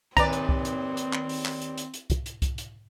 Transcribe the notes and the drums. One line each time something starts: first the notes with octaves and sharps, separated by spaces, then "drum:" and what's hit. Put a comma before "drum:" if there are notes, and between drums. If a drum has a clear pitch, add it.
D#2 C4 B4 D5 A#5, drum: kick C2, hi-hat
drum: hi-hat
drum: kick C2
drum: hi-hat
drum: hi-hat
drum: clap
drum: open hi-hat
drum: clap
drum: hi-hat
drum: hi-hat
drum: hi-hat
drum: kick C2, hi-hat
drum: hi-hat
drum: kick C2, hi-hat
drum: hi-hat